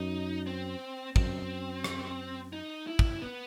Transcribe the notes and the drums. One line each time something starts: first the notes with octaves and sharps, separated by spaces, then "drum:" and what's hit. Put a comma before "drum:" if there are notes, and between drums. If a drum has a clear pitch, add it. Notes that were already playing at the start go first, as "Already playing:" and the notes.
Already playing: F#2 D#4
C4
F#2 C4, drum: kick
drum: rim click
D#4
E4
drum: kick
B3